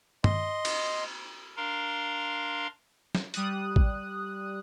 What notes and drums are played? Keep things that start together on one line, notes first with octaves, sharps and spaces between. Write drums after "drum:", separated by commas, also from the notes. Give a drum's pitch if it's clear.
D#5 C6, drum: tom G2
drum: cymbal
D4 A#4 F5 A#5 C6
drum: snare
G3 D#6 F#6, drum: hi-hat
drum: kick A1